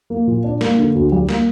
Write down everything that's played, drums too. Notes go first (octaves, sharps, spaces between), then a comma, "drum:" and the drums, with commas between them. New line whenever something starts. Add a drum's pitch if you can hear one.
A#3
A#2
D4
A#3, drum: snare
D3
D2
G3
A#3, drum: snare